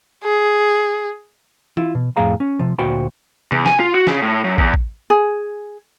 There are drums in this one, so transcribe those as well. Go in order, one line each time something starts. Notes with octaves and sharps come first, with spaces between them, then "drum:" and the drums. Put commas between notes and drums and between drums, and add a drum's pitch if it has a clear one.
G#4
E4 F4, drum: tom E3
B2
F2 A2 G#4 F5 A#5
C#4
C3 F3
D2 A#2 F#4 C5 G5 B5
E2, drum: tom C3
G#5, drum: snare
F4
F#4
C#3, drum: snare
A2
F#2
E2, drum: kick
drum: kick
G#4